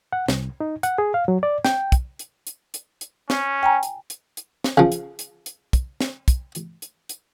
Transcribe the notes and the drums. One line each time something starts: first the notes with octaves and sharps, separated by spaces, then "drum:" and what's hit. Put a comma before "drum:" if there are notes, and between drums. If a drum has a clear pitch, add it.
F#5
C2, drum: snare
D#4
F#5, drum: hi-hat
G#4
F5
F#3
D5
G5, drum: snare
drum: kick, hi-hat
drum: hi-hat
drum: hi-hat
drum: hi-hat
drum: hi-hat
C#4, drum: snare
G5 G#5 A#5
drum: hi-hat
drum: hi-hat
drum: hi-hat
drum: snare
C#3 F3
drum: hi-hat
drum: hi-hat
drum: hi-hat
drum: kick, hi-hat
drum: snare
drum: kick, hi-hat
drum: hi-hat
drum: hi-hat
drum: hi-hat